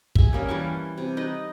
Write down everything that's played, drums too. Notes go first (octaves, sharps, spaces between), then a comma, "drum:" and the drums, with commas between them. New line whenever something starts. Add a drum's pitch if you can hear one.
G#4 E5, drum: kick
G3 A#3 C#4
E3 G3 A5 C#6
C3
D#4 B4 D#5